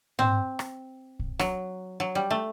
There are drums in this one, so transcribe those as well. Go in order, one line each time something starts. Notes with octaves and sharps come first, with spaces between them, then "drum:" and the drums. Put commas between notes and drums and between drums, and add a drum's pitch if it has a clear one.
C4, drum: tom G#2
drum: rim click
drum: kick A#1
F#3, drum: rim click
F#3
G3
A3